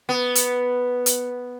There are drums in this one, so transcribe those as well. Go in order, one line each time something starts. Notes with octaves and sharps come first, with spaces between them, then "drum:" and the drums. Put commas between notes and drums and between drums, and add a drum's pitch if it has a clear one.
B3
drum: hi-hat
drum: hi-hat